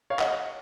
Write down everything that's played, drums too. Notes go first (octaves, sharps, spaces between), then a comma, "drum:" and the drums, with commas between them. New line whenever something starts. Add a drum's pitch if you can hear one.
C#5 F5
D#5 F#5, drum: clap